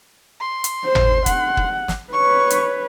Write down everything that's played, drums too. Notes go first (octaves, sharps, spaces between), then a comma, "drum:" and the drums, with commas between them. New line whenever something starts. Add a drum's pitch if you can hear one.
C6
drum: hi-hat
C5
drum: tom G#1
F#5, drum: kick, hi-hat
drum: kick
drum: snare
B4 C#5 C#6
drum: hi-hat